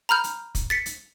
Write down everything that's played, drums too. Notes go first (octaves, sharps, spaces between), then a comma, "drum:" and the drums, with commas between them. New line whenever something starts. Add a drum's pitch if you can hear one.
A#5 B5 F6 G6
drum: hi-hat
drum: kick, hi-hat
A6 B6 C#7
drum: hi-hat